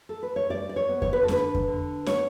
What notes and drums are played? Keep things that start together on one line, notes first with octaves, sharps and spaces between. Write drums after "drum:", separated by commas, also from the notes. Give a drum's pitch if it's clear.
A4
B4
C#5
G3 D5
D5
C#5
B3
C#5, drum: kick F2
B4
A4
D3 B4, drum: snare
drum: kick F2
D3
B3 C#5, drum: snare